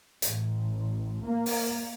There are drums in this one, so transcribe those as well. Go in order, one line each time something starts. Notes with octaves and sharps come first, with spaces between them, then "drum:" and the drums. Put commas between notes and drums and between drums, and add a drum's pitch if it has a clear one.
A1, drum: hi-hat
A#3
drum: open hi-hat